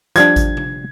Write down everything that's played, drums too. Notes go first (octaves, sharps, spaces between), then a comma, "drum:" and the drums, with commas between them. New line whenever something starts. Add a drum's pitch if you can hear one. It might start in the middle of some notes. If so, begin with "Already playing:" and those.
F3 G3 D4 G#6, drum: hi-hat
drum: kick G#1, hi-hat
drum: tom C3